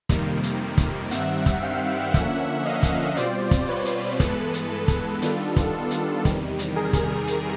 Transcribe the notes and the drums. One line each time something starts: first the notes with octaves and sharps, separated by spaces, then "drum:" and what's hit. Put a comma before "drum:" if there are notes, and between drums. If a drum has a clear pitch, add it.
F2 C3 D#3 G3 A#3, drum: kick, hi-hat
drum: hi-hat
drum: kick, hi-hat
G2 D#3 G3 C4 E5 F#5, drum: hi-hat
drum: kick, hi-hat
F5 G5
D3 F3 A#3 C#4 E5 F#5, drum: kick, hi-hat
D#5 F5
drum: kick, hi-hat
B2 G3 C4 F4 C5 D5, drum: hi-hat
drum: kick, hi-hat
B4 C#5
drum: hi-hat
G2 E3 G#3 B3 A4 B4, drum: kick, hi-hat
drum: hi-hat
A4 B4
drum: kick, hi-hat
D#3 G3 B3 D4 F4, drum: hi-hat
drum: kick, hi-hat
drum: hi-hat
E2 C3 D#3 G3, drum: kick, hi-hat
drum: hi-hat
G#4 A#4
drum: kick, hi-hat
drum: hi-hat